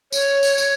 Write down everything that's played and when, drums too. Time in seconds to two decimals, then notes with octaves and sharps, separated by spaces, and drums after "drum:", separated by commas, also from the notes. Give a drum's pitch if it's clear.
0.12 C#5, drum: tambourine
0.43 drum: tambourine
0.58 drum: tambourine